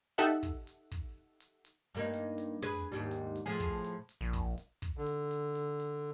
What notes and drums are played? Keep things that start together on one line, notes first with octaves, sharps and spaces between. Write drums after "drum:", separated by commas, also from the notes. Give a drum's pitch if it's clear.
D#4 G4 A4 E5 F#5, drum: hi-hat
drum: kick, hi-hat
drum: hi-hat
drum: kick, hi-hat
drum: hi-hat
drum: hi-hat
G2 A#3 D#4
drum: hi-hat
drum: hi-hat
G#4 B4, drum: tom
D#2 G#2 G3
drum: hi-hat
drum: hi-hat
A2 F3 G#4
drum: kick, hi-hat
drum: hi-hat
drum: hi-hat
A#1
drum: kick, hi-hat
drum: hi-hat
drum: kick, hi-hat
D3
drum: hi-hat
drum: hi-hat
drum: hi-hat
drum: hi-hat